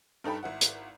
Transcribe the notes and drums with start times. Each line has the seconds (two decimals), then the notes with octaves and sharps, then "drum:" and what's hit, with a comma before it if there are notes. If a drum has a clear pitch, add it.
0.24 G2 D#4 A4 G5 B5
0.43 G#1 E4 F#5
0.61 drum: hi-hat